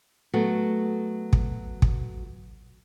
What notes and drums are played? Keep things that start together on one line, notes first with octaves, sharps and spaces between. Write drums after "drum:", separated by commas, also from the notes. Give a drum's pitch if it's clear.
F#3 A3 B3 F#4
drum: kick
drum: kick